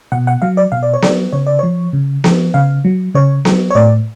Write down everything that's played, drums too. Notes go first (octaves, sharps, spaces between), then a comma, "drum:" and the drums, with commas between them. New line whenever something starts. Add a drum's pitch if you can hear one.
B2 F#5
F#5
F#3 F5
D5
B2 F5
D5
C#5
F#3 D5, drum: snare B3
C#3 C#5
D5
F3 C#5
C#3
F3, drum: snare B3
C#3 F5
F#3
C#3 C#5
F#3, drum: snare B3
C#5
A2 D5